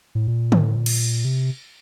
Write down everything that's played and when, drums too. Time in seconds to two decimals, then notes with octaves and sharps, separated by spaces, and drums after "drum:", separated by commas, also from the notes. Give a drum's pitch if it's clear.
0.15 A2
0.28 A#2
0.52 A2, drum: tom D3
0.76 A#2
0.86 drum: cymbal
1.25 C3